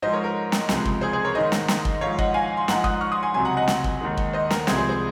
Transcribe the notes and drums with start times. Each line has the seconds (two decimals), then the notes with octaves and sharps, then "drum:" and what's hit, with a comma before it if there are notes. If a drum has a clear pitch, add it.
0.02 G#2 F3 G#3 C5 D#5
0.13 A#4 C#5
0.24 A#4
0.52 drum: snare
0.69 C#2 C3 F3 G#3, drum: snare
0.85 drum: kick
1.01 G#4 C5
1.13 G#4 C5
1.24 A#4 C#5
1.35 G#2 D#3 G#3 C5 D#5
1.52 drum: snare
1.68 drum: snare
1.85 drum: kick
2.01 G#2 F3 G#3 C#5 F5
2.18 D#5 F#5, drum: kick
2.34 F5 G#5
2.57 C6
2.68 G#2 F3 G#3 F#5 A#5, drum: snare
2.84 D#6 F#6, drum: kick
3.01 C#6 F6
3.12 C6 D#6
3.23 G#5 C6
3.34 C#2 C3 F#3 G#5 C6
3.45 F#5 A#5
3.57 D#5 F#5
3.68 drum: snare
3.84 drum: kick
4.01 D#2 D#3 G#3
4.17 drum: kick
4.33 C5 D#5
4.50 A#4, drum: snare
4.67 C2 C3 F3 G#3 G#4 C5, drum: snare
4.78 G#4 C5
4.89 G#4 C5